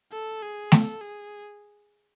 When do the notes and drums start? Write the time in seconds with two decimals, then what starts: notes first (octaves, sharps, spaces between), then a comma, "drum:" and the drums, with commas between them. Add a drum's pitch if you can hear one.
0.12 A4
0.42 G#4
0.72 A4, drum: snare A3
1.01 G#4